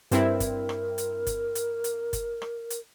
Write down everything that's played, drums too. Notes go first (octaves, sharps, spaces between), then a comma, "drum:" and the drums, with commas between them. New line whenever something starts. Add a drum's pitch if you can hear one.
G2 C4 E4 A#4, drum: hi-hat
drum: kick G1, hi-hat
drum: rim click
drum: hi-hat
drum: kick G1, hi-hat
drum: hi-hat
drum: hi-hat
drum: kick G1, hi-hat
drum: rim click
drum: hi-hat